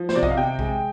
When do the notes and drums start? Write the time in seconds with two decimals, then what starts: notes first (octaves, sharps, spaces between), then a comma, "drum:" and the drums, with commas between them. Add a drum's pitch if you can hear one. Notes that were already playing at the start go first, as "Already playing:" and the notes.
Already playing: F3
0.09 C5, drum: snare
0.15 C3 D5
0.23 D#5, drum: kick A#1
0.30 F5
0.37 C3 G5
0.59 G#3, drum: kick A#1